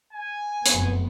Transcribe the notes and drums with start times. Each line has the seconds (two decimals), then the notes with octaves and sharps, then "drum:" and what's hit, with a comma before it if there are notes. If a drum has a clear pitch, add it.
0.13 G#5
0.66 F1 F#2 B3, drum: hi-hat